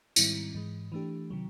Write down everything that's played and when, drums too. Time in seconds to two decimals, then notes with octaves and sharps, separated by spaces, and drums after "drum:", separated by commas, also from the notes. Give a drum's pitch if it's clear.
0.16 G#2 D#3 G3 C4 E4, drum: tambourine
0.55 G#2 E3 G#3
0.92 E3 A3 D4 G4
1.30 C3 D#3 F#3